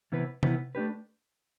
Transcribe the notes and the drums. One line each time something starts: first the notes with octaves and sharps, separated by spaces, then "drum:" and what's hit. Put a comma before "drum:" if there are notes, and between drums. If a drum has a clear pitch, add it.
C3 E3 B3 E4 B4
C3 E3 B3 E4 B4, drum: tom C3
A3 D4 G4 B4